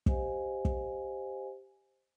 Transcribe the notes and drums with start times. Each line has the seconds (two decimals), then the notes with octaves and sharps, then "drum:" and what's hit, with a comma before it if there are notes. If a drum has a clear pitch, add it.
0.06 G4 C5 D#5 F5 G#5, drum: kick
0.65 drum: kick